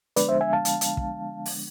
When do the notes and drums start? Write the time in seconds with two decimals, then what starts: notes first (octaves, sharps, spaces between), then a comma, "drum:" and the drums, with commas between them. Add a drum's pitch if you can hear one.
0.16 D3 F3 G#3 B3 D4 B4 D5, drum: hi-hat
0.29 C5 E5
0.41 E5 G#5
0.53 F5 A5
0.65 drum: hi-hat
0.81 drum: hi-hat
0.97 drum: kick
1.46 drum: open hi-hat